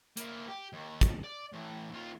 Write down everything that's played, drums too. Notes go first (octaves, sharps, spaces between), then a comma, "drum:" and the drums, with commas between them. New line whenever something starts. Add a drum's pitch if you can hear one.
A#3 E4, drum: hi-hat
G4
D#2
drum: kick, hi-hat
D5
A2 E3
D#2 F4